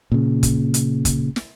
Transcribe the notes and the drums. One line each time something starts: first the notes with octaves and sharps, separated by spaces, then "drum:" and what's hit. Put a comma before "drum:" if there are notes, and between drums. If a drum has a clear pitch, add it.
A#2 C#3
drum: kick, hi-hat
drum: hi-hat
drum: kick, hi-hat
drum: snare